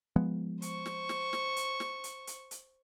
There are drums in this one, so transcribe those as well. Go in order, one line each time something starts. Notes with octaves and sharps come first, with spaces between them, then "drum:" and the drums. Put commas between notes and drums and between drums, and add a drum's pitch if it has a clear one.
F3 G#3 B3
C5 C#6, drum: hi-hat
drum: snare
drum: snare
drum: snare
drum: hi-hat
drum: snare
drum: hi-hat
drum: hi-hat
drum: hi-hat